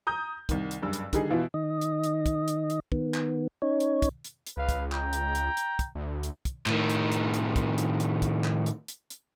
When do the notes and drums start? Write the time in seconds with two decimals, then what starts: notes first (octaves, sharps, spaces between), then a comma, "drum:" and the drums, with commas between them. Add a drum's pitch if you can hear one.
0.07 A#5 D#6 G6
0.49 C2 D#3, drum: kick, hi-hat
0.71 drum: hi-hat
0.82 F#1 G2 E6
0.93 drum: hi-hat
1.13 D3 D#3 G3 D#4 G#4, drum: kick, hi-hat
1.30 B2 E3 B3 E4 F4
1.54 D#3 D#5
1.81 drum: hi-hat
2.04 drum: hi-hat
2.26 drum: kick, hi-hat
2.48 drum: hi-hat
2.70 drum: hi-hat
2.92 D#3 B3, drum: kick
3.14 drum: clap
3.62 C#4 D#4 C#5
3.80 drum: hi-hat
4.02 drum: kick, hi-hat
4.24 drum: hi-hat
4.47 drum: hi-hat
4.57 C#2 B4 F5
4.69 drum: kick, hi-hat
4.92 G5 A#5, drum: clap
5.13 drum: hi-hat
5.35 drum: hi-hat
5.57 drum: hi-hat
5.79 drum: kick, hi-hat
5.95 D2
6.23 drum: hi-hat
6.45 drum: kick, hi-hat
6.66 A2 D#3, drum: clap
6.90 drum: hi-hat
7.12 drum: hi-hat
7.34 drum: hi-hat
7.56 drum: kick, hi-hat
7.78 drum: hi-hat
8.00 drum: hi-hat
8.22 drum: kick, hi-hat
8.44 drum: clap
8.66 drum: hi-hat
8.88 drum: hi-hat
9.10 drum: hi-hat